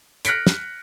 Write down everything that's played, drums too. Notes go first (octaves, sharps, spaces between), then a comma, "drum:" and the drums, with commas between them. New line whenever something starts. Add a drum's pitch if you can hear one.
F6 F#6 A#6 B6 C#7 D7, drum: hi-hat
drum: snare